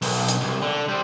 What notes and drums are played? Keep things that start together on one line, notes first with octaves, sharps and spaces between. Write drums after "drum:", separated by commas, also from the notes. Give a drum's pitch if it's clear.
B1, drum: open hi-hat
drum: hi-hat
C2
D3
G3 C4